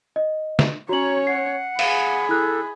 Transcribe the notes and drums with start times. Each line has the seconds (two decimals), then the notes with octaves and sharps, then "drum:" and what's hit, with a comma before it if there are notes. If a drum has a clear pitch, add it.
0.16 D#5
0.59 drum: snare
0.89 C#4 F#4 C#5 A#5 F#7
1.27 F#5 C7
1.79 G#4 F5 B5, drum: cymbal
2.29 E4 A4 F#6